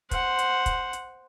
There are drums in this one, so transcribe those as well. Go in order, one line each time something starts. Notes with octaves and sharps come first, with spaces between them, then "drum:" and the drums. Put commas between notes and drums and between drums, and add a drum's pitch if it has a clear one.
C5 F#5, drum: kick, hi-hat
drum: hi-hat
drum: kick, hi-hat
drum: hi-hat